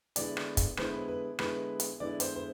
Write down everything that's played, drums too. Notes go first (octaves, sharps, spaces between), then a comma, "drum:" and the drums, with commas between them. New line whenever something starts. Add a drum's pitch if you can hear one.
D3 G#3 B3 E4 D5, drum: hi-hat
drum: rim click
drum: kick, hi-hat
D3 G#3 B3 E4 C5, drum: rim click
B4
B4
D3 G#3 B3 E4 B4, drum: rim click
drum: hi-hat
D3 G#3 B3 E4 D5
C5, drum: hi-hat
C5